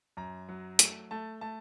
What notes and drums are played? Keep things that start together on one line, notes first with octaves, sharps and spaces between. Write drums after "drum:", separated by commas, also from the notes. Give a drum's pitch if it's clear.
F#2 A#5
F#3
A3, drum: hi-hat
A3 A5
A3 A5